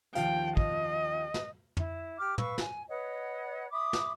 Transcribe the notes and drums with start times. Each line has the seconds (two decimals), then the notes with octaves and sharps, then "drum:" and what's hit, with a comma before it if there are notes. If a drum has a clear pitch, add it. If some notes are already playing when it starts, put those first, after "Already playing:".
0.15 D#2 F3 F5 G5, drum: hi-hat
0.57 D#5, drum: kick
1.34 drum: snare
1.77 E4, drum: tom
2.17 G4 D6 F6
2.38 B4 F5 C#6 E6, drum: tom
2.58 G#5, drum: snare
2.89 B4 C#5 D#5 F#5
3.71 E5 B5 D6 D#6
3.93 drum: snare